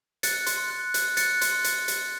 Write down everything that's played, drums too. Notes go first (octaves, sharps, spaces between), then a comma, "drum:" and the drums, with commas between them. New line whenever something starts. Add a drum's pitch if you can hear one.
F#6 A6 C#7, drum: hi-hat
C6, drum: hi-hat
F#6
F#6, drum: hi-hat
F#6 A6 C#7, drum: hi-hat
C6, drum: hi-hat
drum: hi-hat
drum: hi-hat